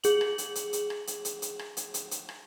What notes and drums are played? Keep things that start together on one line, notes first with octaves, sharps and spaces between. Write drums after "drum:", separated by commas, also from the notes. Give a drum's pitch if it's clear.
G#4 F#7, drum: hi-hat
drum: rim click
drum: hi-hat
drum: hi-hat
drum: hi-hat
drum: rim click
drum: hi-hat
drum: hi-hat
drum: hi-hat
drum: rim click
drum: hi-hat
drum: hi-hat
drum: hi-hat
drum: rim click